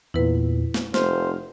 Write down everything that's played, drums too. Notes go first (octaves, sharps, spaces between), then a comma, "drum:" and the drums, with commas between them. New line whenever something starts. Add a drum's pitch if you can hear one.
E2 A#2 E4 B4
drum: snare
F1 C5 F6, drum: snare